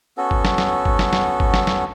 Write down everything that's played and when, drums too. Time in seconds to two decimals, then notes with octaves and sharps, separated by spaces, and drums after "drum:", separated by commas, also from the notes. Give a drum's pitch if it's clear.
0.17 B3 C#4 F#4 A4
0.31 drum: kick
0.45 drum: snare
0.58 drum: snare
0.85 drum: kick
0.99 drum: snare
1.13 drum: snare
1.40 drum: kick
1.54 drum: snare
1.67 drum: snare